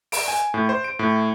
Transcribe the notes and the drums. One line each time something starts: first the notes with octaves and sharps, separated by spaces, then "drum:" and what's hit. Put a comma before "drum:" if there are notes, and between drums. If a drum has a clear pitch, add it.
D7, drum: open hi-hat
G#5
A2
C5
D7
A2